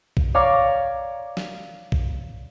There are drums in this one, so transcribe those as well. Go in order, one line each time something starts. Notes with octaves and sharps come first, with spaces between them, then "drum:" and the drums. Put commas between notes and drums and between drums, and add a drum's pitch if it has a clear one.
drum: kick A#1
C#5 D5 F5 A#5 D6
drum: snare
drum: kick A#1